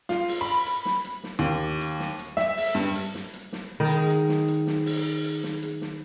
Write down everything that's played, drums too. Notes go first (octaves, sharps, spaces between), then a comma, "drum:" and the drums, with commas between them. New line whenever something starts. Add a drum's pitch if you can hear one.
F4, drum: snare
drum: open hi-hat
B5
drum: hi-hat
drum: snare
drum: hi-hat
drum: snare
D#2
drum: hi-hat
drum: snare
drum: hi-hat
E5, drum: snare
drum: open hi-hat
G2
drum: hi-hat
drum: snare
drum: hi-hat
drum: snare
G#2 D#3 G#3
drum: hi-hat
drum: snare
drum: hi-hat
drum: snare
drum: open hi-hat
drum: hi-hat
drum: snare
drum: hi-hat
drum: snare